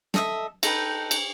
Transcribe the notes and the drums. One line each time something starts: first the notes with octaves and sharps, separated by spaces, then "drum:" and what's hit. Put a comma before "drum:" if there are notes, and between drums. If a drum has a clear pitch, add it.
A4 D#5 E5, drum: snare
D#4 A4 B4 G5, drum: cymbal
drum: cymbal